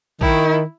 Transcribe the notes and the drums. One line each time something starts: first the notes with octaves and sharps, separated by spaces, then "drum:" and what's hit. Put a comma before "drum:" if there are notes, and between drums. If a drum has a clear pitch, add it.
D#3 E4, drum: kick A1